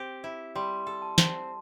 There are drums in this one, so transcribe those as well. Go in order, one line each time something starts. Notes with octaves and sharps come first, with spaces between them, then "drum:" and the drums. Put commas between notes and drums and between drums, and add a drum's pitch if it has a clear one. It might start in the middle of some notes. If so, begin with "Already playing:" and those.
Already playing: C4 G4
E4
G3 C6
A4
A5
C4, drum: snare